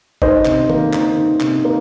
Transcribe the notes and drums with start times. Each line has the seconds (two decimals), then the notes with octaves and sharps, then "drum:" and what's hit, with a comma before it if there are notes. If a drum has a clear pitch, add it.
0.22 D#3 C5 D#5, drum: kick G#1
0.45 C3, drum: clap
0.70 A#3, drum: tom D#3
0.93 D#4, drum: clap
1.17 D#3
1.41 C3, drum: clap
1.65 A#3